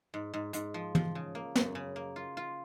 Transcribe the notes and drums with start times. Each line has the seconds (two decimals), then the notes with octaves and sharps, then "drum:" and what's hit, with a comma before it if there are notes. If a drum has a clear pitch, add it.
0.14 G#2
0.34 G#2
0.53 G#2, drum: hi-hat
0.74 F3
0.95 F3, drum: tom
1.15 C#3
1.35 A#3
1.55 F#2, drum: snare
1.75 C#3
1.96 A#3
2.16 F4
2.37 F4